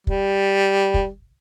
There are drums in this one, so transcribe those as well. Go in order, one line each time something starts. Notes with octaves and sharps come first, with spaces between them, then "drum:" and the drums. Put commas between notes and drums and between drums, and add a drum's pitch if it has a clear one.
G3, drum: kick
drum: kick